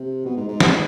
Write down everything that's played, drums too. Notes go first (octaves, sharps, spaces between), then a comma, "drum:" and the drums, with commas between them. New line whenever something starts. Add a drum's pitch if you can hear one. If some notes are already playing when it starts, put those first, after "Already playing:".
Already playing: C3
B2
G#2
G#2
drum: snare